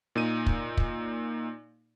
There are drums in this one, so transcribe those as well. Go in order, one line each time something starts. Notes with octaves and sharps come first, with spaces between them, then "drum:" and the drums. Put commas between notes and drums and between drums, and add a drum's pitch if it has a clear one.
A#2 D#4 D#7
drum: kick
drum: kick